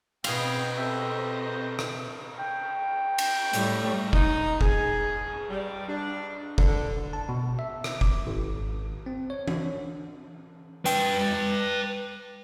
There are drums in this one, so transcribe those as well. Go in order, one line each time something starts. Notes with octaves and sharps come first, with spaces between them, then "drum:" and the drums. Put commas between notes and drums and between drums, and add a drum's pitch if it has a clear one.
B2 C4 G#4 D#5 F5 G5 E6, drum: cymbal
G4 A4 C5 E5
drum: rim click
G5
drum: cymbal
A2 G3 A3, drum: hi-hat
D#4, drum: kick
G#4, drum: kick
G3
D4
D3, drum: kick
A5
B2
E5
drum: rim click
D6, drum: kick
G#1
C4
C#5
D4, drum: tom E3
B4 G5, drum: hi-hat